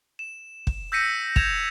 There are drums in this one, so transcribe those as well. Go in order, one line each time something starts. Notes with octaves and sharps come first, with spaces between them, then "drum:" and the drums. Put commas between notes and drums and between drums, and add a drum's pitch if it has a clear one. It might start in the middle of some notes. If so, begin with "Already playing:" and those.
E7
drum: kick
E6 G6 A#6 B6 C#7 D#7
G6 G#6 A#6 E7 F7, drum: kick